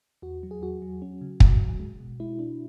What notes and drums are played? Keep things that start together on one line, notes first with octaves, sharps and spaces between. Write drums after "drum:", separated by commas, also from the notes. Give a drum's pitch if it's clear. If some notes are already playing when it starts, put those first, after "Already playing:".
E2 F#4
F#3
G#4
E2 F#4
F#3
C#4
C#3
F#3, drum: kick
D2
G#3
B2
G#3 E4
D4